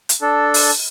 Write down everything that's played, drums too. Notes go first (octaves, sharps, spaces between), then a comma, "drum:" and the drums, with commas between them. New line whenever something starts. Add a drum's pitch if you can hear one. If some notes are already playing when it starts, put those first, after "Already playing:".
drum: hi-hat
D4 A4
drum: open hi-hat